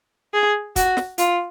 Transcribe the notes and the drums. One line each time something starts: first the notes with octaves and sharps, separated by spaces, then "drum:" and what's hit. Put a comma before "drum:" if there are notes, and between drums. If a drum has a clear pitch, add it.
G#4
F#4, drum: kick, hi-hat
drum: snare
F4, drum: hi-hat